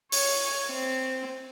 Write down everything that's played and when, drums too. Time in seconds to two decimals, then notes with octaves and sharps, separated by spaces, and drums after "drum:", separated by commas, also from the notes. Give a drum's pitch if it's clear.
0.12 C#5, drum: open hi-hat
0.68 C4